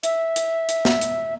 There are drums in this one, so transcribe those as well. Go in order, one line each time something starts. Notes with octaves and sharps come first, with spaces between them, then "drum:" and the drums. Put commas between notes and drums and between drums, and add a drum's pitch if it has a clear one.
E5, drum: hi-hat
drum: hi-hat
drum: hi-hat
drum: snare
drum: hi-hat